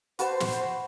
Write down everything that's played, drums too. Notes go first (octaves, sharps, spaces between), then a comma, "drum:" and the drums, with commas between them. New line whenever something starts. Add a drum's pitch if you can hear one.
F#4 B4 C5 A5, drum: hi-hat
drum: snare